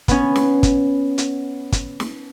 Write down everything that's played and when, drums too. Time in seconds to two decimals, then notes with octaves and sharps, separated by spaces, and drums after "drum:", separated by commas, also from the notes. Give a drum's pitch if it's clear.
0.08 B3 C#4, drum: kick, hi-hat
0.36 drum: snare
0.63 drum: kick, hi-hat
1.18 drum: hi-hat
1.72 drum: kick, hi-hat
2.00 drum: snare